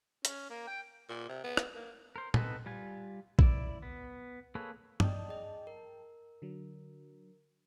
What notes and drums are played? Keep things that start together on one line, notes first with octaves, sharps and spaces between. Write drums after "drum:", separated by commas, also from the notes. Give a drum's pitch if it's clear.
C#4, drum: hi-hat
A#3
G5
A#2
C3
B3
drum: rim click
A#3
A#4 C5
B3 C4 D#4 A4 B4, drum: tom
G3 F4 G#5
E4 D5, drum: kick A#1
B3
A#3 G#4 A4 B4 C#5
D5 D#5 G5 A5 D#6, drum: tom
G#4 D#5
A#4
D3 F#3